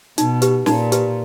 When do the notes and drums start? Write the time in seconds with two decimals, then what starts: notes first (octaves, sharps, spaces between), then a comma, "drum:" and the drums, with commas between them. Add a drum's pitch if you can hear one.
0.18 B2 D#4, drum: hi-hat
0.42 G4 B4, drum: hi-hat
0.66 A#2 D#4, drum: snare
0.92 G4 B4, drum: hi-hat